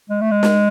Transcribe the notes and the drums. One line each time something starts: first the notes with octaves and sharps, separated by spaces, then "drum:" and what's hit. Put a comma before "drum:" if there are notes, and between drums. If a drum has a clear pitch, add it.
G#3
A3
G#3
drum: snare